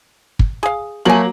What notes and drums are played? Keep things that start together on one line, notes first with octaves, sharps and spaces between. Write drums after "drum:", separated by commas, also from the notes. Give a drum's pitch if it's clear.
drum: kick
G#4 F5
F#3 A3 A#3 G#5 F#7